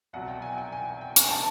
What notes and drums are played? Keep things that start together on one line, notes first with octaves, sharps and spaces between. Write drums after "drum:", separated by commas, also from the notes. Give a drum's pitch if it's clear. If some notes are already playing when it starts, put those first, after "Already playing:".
C2 B2 F#3 F#5
G5
G#5
G5
G#5
G5
G#5, drum: hi-hat
A5